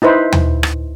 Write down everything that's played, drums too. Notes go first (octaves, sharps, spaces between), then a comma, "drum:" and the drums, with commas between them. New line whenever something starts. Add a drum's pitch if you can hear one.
D#4 E4 B4 C5
drum: tom D#2
drum: rim click